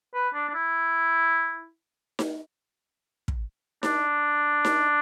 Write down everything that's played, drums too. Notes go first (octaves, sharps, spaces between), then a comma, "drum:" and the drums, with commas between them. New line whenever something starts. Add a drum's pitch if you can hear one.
B4
D4
D4
E4
drum: snare D#4
drum: kick
D4, drum: snare D#4
drum: snare D#4